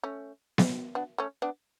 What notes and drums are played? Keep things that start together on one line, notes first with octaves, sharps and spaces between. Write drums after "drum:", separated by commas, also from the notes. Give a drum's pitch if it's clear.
A3 C#4
drum: snare B3
B3 D4
A3 C#4
B3 D4